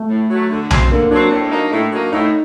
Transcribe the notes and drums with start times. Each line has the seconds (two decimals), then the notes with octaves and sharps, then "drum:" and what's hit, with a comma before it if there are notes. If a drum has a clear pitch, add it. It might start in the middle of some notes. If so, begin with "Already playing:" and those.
Already playing: A3
0.09 A2
0.30 F#3 A3
0.50 D3
0.70 F#3 C4, drum: tom B1
0.91 D3 A#3
1.11 F#3 C4 D4
1.31 A2
1.52 F#3 A#3 D#4
1.72 A2
1.92 F#3 A#3 D#4
2.12 A2 D#4